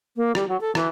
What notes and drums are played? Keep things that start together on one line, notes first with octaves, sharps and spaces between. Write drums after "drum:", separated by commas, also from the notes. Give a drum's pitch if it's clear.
A#3
G3, drum: rim click
F#3
A4
E3, drum: rim click